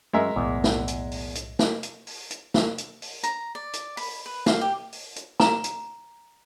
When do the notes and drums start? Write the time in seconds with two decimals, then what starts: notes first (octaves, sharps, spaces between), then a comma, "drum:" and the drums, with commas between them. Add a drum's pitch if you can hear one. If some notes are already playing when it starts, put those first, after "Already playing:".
0.13 F#2 G#3 A#4 E5
0.36 B1 E2 A2
0.64 drum: snare
0.88 drum: hi-hat
1.12 drum: open hi-hat
1.35 drum: hi-hat
1.59 drum: snare
1.83 drum: hi-hat
2.07 drum: open hi-hat
2.31 drum: hi-hat
2.54 drum: snare
2.78 drum: hi-hat
3.02 drum: open hi-hat
3.23 A#5, drum: hi-hat
3.55 D5
3.73 drum: hi-hat
3.97 B5, drum: open hi-hat
4.26 B4
4.46 F5, drum: snare
4.61 G4
4.92 drum: open hi-hat
5.16 drum: hi-hat
5.40 A#5, drum: snare
5.64 drum: hi-hat